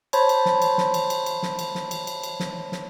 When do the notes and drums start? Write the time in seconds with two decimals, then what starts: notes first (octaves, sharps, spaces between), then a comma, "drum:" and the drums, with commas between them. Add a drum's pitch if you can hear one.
0.13 C5 C#5 A5 B5 C6, drum: cymbal
0.29 drum: cymbal
0.45 drum: snare
0.62 drum: cymbal
0.78 drum: snare
0.94 drum: cymbal
1.10 drum: cymbal
1.26 drum: cymbal
1.43 drum: snare
1.59 drum: cymbal
1.75 drum: snare
1.91 drum: cymbal
2.07 drum: cymbal
2.23 drum: cymbal
2.40 drum: snare
2.72 drum: snare